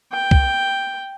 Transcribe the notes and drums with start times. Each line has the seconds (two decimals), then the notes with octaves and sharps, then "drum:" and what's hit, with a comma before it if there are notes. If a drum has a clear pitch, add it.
0.13 G5
0.31 drum: kick